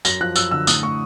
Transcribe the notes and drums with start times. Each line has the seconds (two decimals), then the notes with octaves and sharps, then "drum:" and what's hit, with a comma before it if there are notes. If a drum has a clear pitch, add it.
0.05 F#2 A#6, drum: tambourine
0.21 F3 F#6
0.36 F#2 E6, drum: tambourine
0.51 D3 E6
0.67 A2 D#6, drum: tambourine
0.83 A2 C#6